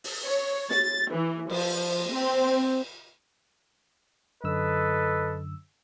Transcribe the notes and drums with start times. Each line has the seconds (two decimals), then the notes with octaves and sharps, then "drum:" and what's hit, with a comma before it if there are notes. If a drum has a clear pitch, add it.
0.04 drum: open hi-hat
0.23 C#5
0.70 A6, drum: snare
1.12 E3
1.50 F3, drum: cymbal
2.11 C4
4.44 F#2 D3 A4 B4 D#5 E6